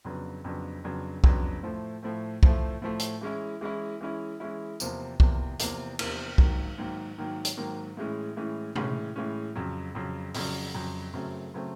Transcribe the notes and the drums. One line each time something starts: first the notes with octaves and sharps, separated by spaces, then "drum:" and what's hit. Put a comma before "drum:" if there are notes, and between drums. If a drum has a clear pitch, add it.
F2 C#3 F#3 B3 D4
F2 C#3 F#3 B3 D4
F2 C#3 F#3 B3 D4
F2 C#3 F#3 B3 D4, drum: kick C2
A2 F3 A3
A2 F3 A3
A2 F3 A3, drum: kick C2
A2 F3 A3
drum: hi-hat
E3 G#3 C#4 E4
E3 G#3 C#4 E4
E3 G#3 C#4 E4
E3 G#3 C#4 E4
E2 C3 F3 A#3, drum: tambourine
E2 C3 F3 A#3, drum: kick C2
E2 C3 F3 A#3, drum: hi-hat
E2 C3 F3 A#3, drum: cymbal
G#2 D#3 F#3 A#3, drum: kick C2
G#2 D#3 F#3 A#3
G#2 D#3 F#3 A#3
drum: hi-hat
G#2 D#3 F#3 A#3
A2 E3 G#3 C#4
A2 E3 G#3 C#4
A2 E3 G#3 C#4, drum: tom
A2 E3 G#3 C#4
F2 C#3 F#3
F2 C#3 F#3
F2 C#3 F#3, drum: open hi-hat
F2 C#3 F#3
F#2 C#3 F#3 A3 C4
C#3 F#3 A3 C4